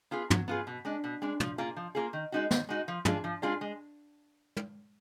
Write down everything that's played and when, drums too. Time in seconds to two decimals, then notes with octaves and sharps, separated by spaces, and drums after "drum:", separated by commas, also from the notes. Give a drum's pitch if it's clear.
0.11 B3 F4 G#4
0.30 F#3, drum: tom
0.48 B3 F4 G#4
0.67 B2
0.85 G#3 D4
1.04 B2
1.22 G#3 D4
1.40 F3, drum: tom
1.58 A#3 F4 G#4
1.76 F3
1.95 A#3 F4 G#4
2.13 D#3
2.32 G#3 D#4 F#4
2.51 D#3, drum: snare
2.69 G#3 D#4 F#4
2.88 F3
3.05 G#3 D4 F4 G#4, drum: tom
3.24 F3
3.42 G#3 D4 F4 G#4
3.61 G#3
4.57 drum: tom